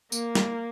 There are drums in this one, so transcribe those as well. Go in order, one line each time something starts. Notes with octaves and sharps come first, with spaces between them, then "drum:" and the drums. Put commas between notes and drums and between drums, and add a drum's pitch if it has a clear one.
A#3, drum: tambourine
drum: snare